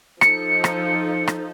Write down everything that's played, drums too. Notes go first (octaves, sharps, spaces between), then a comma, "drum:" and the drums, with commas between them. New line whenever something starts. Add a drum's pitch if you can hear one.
F3 D#4 A4 C#7, drum: rim click
drum: rim click
drum: rim click